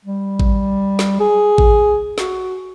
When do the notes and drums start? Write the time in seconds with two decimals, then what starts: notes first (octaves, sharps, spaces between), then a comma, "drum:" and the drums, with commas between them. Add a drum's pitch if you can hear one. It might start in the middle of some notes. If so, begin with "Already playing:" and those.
0.05 G3
0.40 drum: kick A1
0.99 drum: snare
1.20 G#4
1.58 drum: kick A1
2.18 F#4, drum: snare